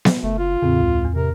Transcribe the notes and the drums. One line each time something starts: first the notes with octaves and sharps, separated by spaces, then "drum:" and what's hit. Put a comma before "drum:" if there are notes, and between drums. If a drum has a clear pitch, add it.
drum: snare B3
F#1 A3
F4
E2 A2 C#3 C4
C#2
E2
C3 A#4